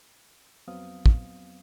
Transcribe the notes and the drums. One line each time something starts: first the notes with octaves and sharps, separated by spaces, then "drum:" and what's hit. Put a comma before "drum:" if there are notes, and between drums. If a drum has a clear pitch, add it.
F2 F#3 B3 C4 F5 D#6
drum: kick